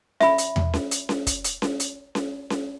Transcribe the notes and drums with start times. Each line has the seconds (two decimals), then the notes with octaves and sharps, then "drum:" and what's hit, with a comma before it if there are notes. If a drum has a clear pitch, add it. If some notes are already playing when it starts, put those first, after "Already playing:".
0.20 E5 B5, drum: snare C#4
0.38 drum: hi-hat
0.56 drum: tom E2
0.74 drum: snare C#4
0.91 drum: hi-hat
1.09 drum: snare C#4
1.27 drum: kick, hi-hat
1.44 drum: hi-hat
1.62 drum: snare C#4
1.80 drum: hi-hat
2.15 drum: snare C#4
2.50 drum: snare C#4